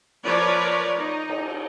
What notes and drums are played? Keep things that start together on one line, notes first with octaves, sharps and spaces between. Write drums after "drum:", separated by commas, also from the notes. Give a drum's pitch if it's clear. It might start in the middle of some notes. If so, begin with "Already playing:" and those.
F3 A#4 B4 C#5 D5
D#4
drum: cymbal